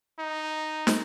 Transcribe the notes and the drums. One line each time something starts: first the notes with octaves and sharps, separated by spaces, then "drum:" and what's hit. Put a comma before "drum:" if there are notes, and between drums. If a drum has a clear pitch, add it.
D#4
drum: snare